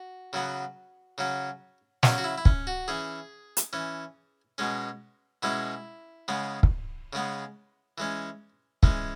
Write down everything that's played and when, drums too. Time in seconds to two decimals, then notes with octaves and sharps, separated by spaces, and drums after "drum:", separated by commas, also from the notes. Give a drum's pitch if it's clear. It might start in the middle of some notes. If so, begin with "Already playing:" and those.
Already playing: F#4
0.33 C#3 F#3 B3
1.18 C#3 F#3 C#4
2.03 C#3 F#3 C#4, drum: snare
2.18 F#4
2.24 E4
2.38 E4
2.45 C#4, drum: kick
2.67 F#4
2.88 E3 C#4 G#4
3.57 drum: hi-hat
3.73 E3 C#4
4.58 B2 G#3 C#4
5.43 B2 G#3 C#4 E4
6.28 C#3 G#3 B3
6.63 drum: kick
7.13 C#3 G#3 B3
7.98 E3 G#3 C#4
8.83 E3 G#3 C#4, drum: kick